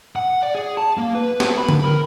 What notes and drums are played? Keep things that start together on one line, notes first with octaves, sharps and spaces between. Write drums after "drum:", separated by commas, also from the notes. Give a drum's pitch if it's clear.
F#5
D5
G#4
A5
A#3
B4
drum: snare
B5
drum: tom D3
A#4